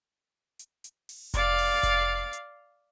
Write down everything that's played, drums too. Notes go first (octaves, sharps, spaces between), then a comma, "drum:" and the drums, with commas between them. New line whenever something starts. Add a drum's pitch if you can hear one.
drum: hi-hat
drum: hi-hat
drum: open hi-hat
D5 F5, drum: kick F1, hi-hat
drum: open hi-hat
drum: kick F1, hi-hat
drum: hi-hat